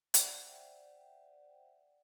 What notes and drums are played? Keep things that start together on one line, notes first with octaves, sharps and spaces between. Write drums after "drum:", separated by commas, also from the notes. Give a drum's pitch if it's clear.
C5 D5 E5 F#5 G5, drum: hi-hat